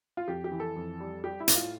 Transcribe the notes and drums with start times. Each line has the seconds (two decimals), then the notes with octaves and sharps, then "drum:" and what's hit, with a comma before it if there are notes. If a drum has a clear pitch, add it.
0.17 F4
0.28 F2 G4
0.44 G4
0.51 E3
0.60 A4
0.76 F2
1.00 G3
1.24 G3 G4
1.40 E4
1.48 A2, drum: hi-hat
1.56 F4